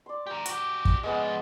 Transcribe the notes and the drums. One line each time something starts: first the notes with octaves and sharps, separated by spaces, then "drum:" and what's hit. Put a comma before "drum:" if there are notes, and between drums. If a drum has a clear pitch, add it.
D5 C6
G4 A#4
F#4 G4, drum: hi-hat
drum: kick
G#2 F3 G#3 B3 F#5